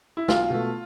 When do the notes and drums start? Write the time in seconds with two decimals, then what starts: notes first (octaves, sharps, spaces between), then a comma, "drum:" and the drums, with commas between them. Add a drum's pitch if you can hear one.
0.17 E4
0.28 B1 F4, drum: snare
0.50 B2 A3